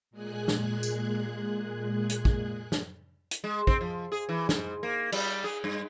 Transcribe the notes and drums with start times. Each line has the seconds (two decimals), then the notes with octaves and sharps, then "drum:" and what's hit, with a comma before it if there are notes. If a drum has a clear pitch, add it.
0.11 A#2 G#3 G#4 G#5 F#6
0.48 drum: snare
0.83 drum: tambourine
2.09 drum: hi-hat
2.25 drum: kick
2.72 drum: snare
3.31 drum: hi-hat
3.44 G#3
3.67 C4, drum: kick
3.81 F3
4.12 G#4
4.29 E3
4.49 G#2, drum: snare
4.83 A#3
5.12 G3, drum: cymbal
5.44 G#4
5.64 G2